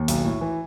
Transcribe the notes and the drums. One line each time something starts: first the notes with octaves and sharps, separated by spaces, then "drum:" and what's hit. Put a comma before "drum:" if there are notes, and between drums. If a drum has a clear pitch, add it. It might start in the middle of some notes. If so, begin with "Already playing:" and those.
Already playing: D#2
B1, drum: hi-hat
A2
E3